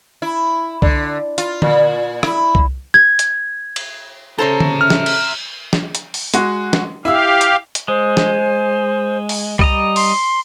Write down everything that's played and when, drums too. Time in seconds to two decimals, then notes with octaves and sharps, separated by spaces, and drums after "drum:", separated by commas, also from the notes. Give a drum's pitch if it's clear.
0.22 E4
0.82 D3, drum: kick C2
1.38 F4, drum: hi-hat
1.62 A#2, drum: tom D3
2.23 E4, drum: rim click
2.55 drum: kick C2
2.94 G#6
3.19 drum: hi-hat
3.76 drum: cymbal
4.38 C#3 A4 C5 C#5 E5 A#5
4.60 drum: tom D3
4.81 F6
4.90 drum: snare
5.06 drum: cymbal
5.73 drum: snare
5.95 drum: hi-hat
6.14 drum: open hi-hat
6.34 G#3 F#4, drum: hi-hat
6.73 drum: snare
7.05 E4 G4 F5 E6
7.41 drum: hi-hat
7.75 drum: hi-hat
7.88 G#3 C5
8.17 drum: snare
9.29 drum: open hi-hat
9.59 G3 D#5 A#5, drum: kick C2
9.96 C6, drum: open hi-hat